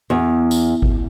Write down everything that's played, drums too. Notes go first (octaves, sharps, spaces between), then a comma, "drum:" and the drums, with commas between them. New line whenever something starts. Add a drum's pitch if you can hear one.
E2
drum: tambourine
drum: kick G#1